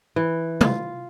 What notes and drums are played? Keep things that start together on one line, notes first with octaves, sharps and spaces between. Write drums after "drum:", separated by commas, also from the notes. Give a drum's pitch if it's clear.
E3
F4, drum: tom